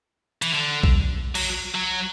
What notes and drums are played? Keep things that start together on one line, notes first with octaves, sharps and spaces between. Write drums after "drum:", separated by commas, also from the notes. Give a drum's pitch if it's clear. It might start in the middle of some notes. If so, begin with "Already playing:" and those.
E3, drum: hi-hat
D3
drum: kick B1
F#3, drum: cymbal
F#3